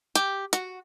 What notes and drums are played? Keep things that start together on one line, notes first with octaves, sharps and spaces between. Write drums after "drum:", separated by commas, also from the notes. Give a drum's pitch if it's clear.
G4, drum: hi-hat
F#4, drum: hi-hat